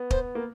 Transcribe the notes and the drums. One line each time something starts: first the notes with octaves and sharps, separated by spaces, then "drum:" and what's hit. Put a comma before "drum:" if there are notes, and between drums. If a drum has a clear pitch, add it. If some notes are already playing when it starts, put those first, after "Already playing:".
Already playing: B3
C5, drum: kick
A#3